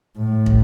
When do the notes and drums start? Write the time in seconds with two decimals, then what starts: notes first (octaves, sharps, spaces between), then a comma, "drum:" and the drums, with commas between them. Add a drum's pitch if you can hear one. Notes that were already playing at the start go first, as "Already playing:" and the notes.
0.18 A2
0.46 drum: kick